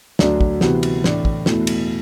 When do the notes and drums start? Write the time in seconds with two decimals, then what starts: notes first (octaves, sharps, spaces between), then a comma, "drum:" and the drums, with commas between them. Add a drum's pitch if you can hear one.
0.19 D2 D3 F#3 A3 D4, drum: snare
0.41 drum: kick
0.61 C3 E3 B3 F#4, drum: snare
0.83 drum: cymbal
1.04 A2 E3 A3 D4, drum: snare
1.25 drum: kick
1.46 E2 B2 A3 E4, drum: snare
1.67 drum: cymbal